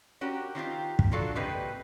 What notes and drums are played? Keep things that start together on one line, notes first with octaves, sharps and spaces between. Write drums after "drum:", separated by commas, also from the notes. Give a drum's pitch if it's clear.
C#4 F#4 G4 A#4
D#3 C4 F4 G4
drum: kick
F#3 D4 F4 F#4 A4 F5
C3 A#3 C4 G4 B4 D#5